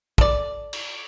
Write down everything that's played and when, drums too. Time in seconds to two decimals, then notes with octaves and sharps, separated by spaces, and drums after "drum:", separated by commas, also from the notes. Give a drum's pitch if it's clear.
0.18 A4 D5, drum: kick
0.73 drum: cymbal